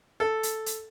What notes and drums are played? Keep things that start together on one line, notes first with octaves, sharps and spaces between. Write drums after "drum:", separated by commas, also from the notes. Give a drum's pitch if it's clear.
A4
drum: hi-hat
drum: hi-hat